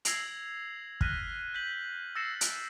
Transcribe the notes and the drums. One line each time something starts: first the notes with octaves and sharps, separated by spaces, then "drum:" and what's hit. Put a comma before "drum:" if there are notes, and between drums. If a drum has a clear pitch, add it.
E6 G#6 A#6 C7 F7 F#7, drum: hi-hat
F6 F#6 A#6 B6 D#7, drum: kick
G6 B6 F#7
E6 A6 A#6 C7 C#7 E7
drum: hi-hat